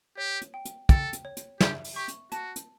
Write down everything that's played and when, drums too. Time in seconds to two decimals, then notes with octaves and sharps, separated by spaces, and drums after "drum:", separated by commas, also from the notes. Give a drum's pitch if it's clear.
0.17 G4 C#5
0.42 drum: hi-hat
0.54 G5
0.65 drum: hi-hat
0.89 A4 G5, drum: kick, hi-hat
1.13 drum: hi-hat
1.25 C#5
1.37 drum: hi-hat
1.61 G4 E5, drum: snare
1.84 drum: open hi-hat
1.96 G4 C#6
2.08 drum: hi-hat
2.32 F#4 A5, drum: hi-hat
2.56 drum: hi-hat